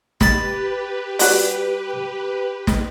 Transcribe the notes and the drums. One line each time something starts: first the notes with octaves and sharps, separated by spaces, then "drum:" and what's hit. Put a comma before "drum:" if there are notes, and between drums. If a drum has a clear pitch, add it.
G4 B4 A5 B5, drum: snare
G3 F#4 D5, drum: open hi-hat
drum: snare